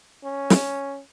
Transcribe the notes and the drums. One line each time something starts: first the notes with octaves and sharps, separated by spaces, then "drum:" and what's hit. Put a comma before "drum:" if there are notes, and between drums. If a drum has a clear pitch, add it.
C#4
drum: snare